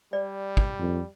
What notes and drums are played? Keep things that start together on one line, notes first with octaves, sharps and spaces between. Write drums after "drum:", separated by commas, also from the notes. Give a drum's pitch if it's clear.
G3 D5
drum: kick
F2